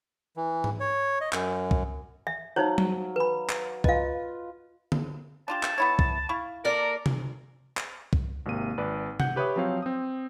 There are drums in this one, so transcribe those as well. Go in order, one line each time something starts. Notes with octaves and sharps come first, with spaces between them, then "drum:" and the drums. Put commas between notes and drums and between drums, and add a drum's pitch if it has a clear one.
E3
drum: tom G#2
C#5
D#5
F#2, drum: clap
drum: kick
E5
F#3 D#4 C5 C#5 F5
drum: tom F#3
B4 B5
drum: clap
F4 B4 D#5 F5, drum: kick
drum: tom D3
D4 F4 G4 A5
drum: clap
B3 E4 C#5
drum: kick
E4 F5 C#6
A#3 A4 A#4 D5
drum: tom C3
drum: clap
drum: kick
G#1 C3 A#3 D#7
G#1 B4 D5
F#5 G6, drum: tom C3
G4 B4 C#5 E5 D#6
F3 F#3 C4 C#5 F5
C4 D#6